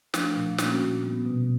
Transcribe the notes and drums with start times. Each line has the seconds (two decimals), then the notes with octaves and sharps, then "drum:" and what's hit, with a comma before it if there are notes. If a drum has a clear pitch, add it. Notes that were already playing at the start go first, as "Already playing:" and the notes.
0.14 F3 A3 D4, drum: snare
0.36 A#2
0.58 G3 A#3 C#4 F#4, drum: snare
0.81 A#2
1.03 G3 B3
1.25 B2